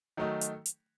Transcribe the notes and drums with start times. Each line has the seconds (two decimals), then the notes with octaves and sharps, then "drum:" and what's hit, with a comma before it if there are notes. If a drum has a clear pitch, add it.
0.17 D#3 F#3 A3 D#4
0.41 drum: hi-hat
0.66 drum: hi-hat